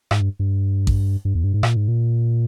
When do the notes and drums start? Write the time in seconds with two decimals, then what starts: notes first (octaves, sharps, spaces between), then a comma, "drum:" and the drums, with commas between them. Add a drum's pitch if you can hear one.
0.11 G#2, drum: rim click
0.21 G2
0.39 G2
0.87 drum: kick A1
1.25 G2
1.35 E2
1.44 G2
1.54 G#2
1.63 A#2, drum: rim click
1.76 G#2
1.88 A#2